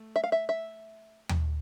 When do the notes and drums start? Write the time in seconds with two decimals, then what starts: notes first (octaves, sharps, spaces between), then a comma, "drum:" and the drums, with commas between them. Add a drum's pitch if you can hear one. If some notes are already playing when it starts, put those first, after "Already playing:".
Already playing: A3
0.16 E5
0.24 F5
0.32 E5
0.49 E5
1.29 drum: tom